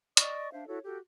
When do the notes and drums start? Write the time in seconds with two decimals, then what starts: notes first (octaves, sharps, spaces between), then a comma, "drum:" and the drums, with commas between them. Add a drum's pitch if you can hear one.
0.17 D5 D#5 C#6 D#6, drum: hi-hat
0.52 D4 C5 E5 F5
0.68 E4 F#4 A4 C#5
0.85 F#4 G4 A4